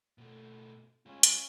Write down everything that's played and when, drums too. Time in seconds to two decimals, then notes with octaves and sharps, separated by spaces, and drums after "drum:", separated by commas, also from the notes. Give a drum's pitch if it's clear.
0.18 B2 A3
1.06 G#3 C#4 F4
1.23 drum: hi-hat